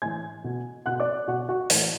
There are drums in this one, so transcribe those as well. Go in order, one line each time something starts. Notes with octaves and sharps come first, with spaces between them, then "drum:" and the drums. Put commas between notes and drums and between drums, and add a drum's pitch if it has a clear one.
A2 E3 G#5 G#6
B2
B2 F#5 F#6
D5 D6
B2 F#4 F#5
F#4 F#5
A2 E3 D5, drum: open hi-hat